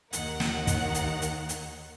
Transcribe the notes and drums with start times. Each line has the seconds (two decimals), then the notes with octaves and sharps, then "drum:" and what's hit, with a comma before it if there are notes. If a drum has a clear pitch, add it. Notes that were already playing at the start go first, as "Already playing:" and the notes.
0.13 D#2 D#3 A#4 F#5, drum: hi-hat
0.40 drum: snare
0.67 drum: kick, hi-hat
0.94 drum: hi-hat
1.22 drum: hi-hat
1.49 drum: hi-hat